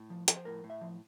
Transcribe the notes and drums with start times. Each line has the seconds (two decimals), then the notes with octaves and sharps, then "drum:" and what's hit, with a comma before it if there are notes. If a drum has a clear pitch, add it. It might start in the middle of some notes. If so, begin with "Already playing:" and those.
Already playing: A2
0.10 F3
0.28 F3, drum: hi-hat
0.36 C5
0.45 A2 A#4
0.64 A2
0.70 E5
0.81 F3